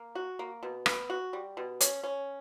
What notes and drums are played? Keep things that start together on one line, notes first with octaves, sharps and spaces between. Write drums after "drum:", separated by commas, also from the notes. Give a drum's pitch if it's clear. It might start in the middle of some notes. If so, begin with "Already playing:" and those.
Already playing: A#3
F#4
A#3
B2
B3, drum: rim click
F#4
G3
B2
C#4, drum: hi-hat
C#4